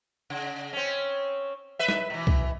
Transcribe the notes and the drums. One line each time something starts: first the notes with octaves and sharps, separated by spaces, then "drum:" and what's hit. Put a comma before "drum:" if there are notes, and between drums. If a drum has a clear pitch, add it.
C#3
C4 C#4
B4 E5
drum: snare
B2 E3
drum: kick C2